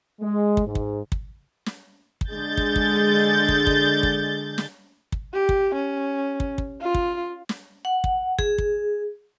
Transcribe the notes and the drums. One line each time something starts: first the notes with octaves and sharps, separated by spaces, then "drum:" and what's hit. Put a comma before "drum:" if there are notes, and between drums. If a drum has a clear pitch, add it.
G#3
drum: kick
G#2
drum: kick
drum: kick
drum: snare
drum: kick
D3 G#3 G6 A6
drum: kick
drum: kick
drum: kick
drum: kick
drum: kick
drum: snare
drum: kick
G4
drum: kick
C#4
drum: kick
drum: kick
F4
drum: kick
drum: snare
F#5
drum: kick
G#4, drum: kick
drum: kick